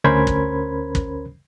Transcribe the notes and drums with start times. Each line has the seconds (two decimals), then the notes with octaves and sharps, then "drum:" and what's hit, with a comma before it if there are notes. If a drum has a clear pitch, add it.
0.04 D2 C#4 A#4 C5 B5 G#6
0.27 drum: kick
0.95 drum: kick